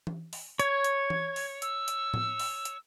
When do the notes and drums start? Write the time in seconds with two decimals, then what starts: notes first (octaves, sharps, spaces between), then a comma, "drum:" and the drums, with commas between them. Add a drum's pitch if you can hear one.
0.07 drum: tom E3
0.33 drum: open hi-hat
0.60 C#5 G#6, drum: hi-hat
0.84 drum: hi-hat
1.10 drum: tom E3
1.36 drum: open hi-hat
1.62 E6, drum: hi-hat
1.88 drum: hi-hat
2.14 drum: tom A2
2.40 drum: open hi-hat
2.65 drum: hi-hat